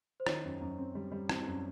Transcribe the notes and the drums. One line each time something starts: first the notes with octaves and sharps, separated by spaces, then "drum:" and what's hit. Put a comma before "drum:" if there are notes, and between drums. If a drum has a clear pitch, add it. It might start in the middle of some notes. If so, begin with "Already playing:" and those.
C5
D#3 C#5, drum: rim click
F#2
F#2
C4
G3
G3
C4, drum: rim click
F#2